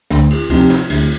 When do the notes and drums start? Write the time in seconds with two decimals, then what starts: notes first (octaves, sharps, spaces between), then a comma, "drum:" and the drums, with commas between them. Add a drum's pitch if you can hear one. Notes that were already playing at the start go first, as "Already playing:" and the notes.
0.10 D2, drum: snare
0.30 drum: cymbal
0.50 C3 F3 C4 D#4, drum: kick D2, cymbal
0.70 drum: snare
0.90 D2, drum: cymbal